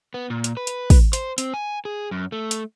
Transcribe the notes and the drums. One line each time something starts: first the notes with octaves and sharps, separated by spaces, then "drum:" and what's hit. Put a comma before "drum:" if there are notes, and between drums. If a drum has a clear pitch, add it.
B3
A#2
drum: hi-hat
B4
drum: hi-hat
drum: kick, open hi-hat
C5, drum: hi-hat
C4, drum: hi-hat
G#5
G#4
F#2
A3
drum: hi-hat